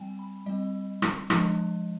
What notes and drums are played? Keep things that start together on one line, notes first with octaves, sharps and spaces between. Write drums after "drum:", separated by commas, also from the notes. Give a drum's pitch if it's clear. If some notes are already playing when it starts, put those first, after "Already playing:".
Already playing: G3 C4 G5 G#5
B5
G3 C4 D#5
drum: rim click
F3 G#3 D4 D#5, drum: rim click